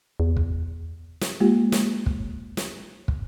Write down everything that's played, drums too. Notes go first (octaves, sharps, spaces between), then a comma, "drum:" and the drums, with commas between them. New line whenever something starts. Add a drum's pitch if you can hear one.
E2
drum: kick
drum: snare
G#3 A#3 F4 G4
drum: snare
drum: kick
drum: snare
drum: kick